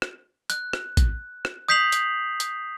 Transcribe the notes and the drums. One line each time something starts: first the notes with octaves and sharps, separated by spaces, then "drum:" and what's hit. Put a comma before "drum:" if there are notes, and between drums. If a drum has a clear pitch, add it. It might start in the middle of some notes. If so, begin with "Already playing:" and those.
drum: rim click
F#6, drum: hi-hat
drum: rim click
drum: kick A#1, hi-hat
drum: rim click
D#6 G6 B6 C7 F7 F#7
drum: hi-hat
drum: hi-hat